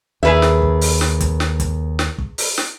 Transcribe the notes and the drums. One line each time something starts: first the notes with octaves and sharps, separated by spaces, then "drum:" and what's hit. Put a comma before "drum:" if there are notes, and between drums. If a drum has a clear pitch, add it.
D#2 G#4 B4 E5
drum: snare
drum: kick
drum: open hi-hat
drum: snare
drum: kick, hi-hat
drum: snare
drum: kick, hi-hat
drum: snare
drum: kick
drum: open hi-hat
drum: snare